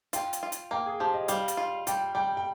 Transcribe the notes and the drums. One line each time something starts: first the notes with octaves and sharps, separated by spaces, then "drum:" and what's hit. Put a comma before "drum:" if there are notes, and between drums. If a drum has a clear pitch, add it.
F4 G5, drum: hi-hat
drum: hi-hat
F4
drum: hi-hat
A#3 G5
G#4
F3 G4
D#5
G3 F5, drum: hi-hat
drum: hi-hat
F4
G3 G5, drum: hi-hat
G3 G5
G5